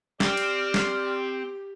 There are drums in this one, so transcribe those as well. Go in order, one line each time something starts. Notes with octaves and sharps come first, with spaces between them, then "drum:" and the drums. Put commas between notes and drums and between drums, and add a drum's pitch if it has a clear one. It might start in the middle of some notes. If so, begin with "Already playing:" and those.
C4 G4 D5 F6, drum: snare
drum: cymbal
drum: snare